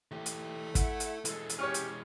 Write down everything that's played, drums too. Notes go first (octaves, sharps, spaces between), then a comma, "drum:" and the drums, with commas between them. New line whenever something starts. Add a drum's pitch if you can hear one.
E3 A3 G4
drum: hi-hat
E4 F#5, drum: kick, hi-hat
drum: hi-hat
E3 G#3 A4, drum: hi-hat
drum: hi-hat
C#4 G4 C#5 C#6 F6
drum: hi-hat